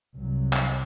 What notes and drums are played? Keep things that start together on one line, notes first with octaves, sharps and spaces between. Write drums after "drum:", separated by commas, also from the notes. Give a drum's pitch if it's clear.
C2 F#3
drum: clap